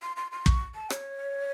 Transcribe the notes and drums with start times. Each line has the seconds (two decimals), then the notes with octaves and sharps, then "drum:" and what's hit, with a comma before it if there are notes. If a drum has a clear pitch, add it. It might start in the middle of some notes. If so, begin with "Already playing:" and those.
0.02 C6
0.17 C6
0.32 C6
0.46 C#6, drum: kick
0.75 A5
0.90 C#5, drum: rim click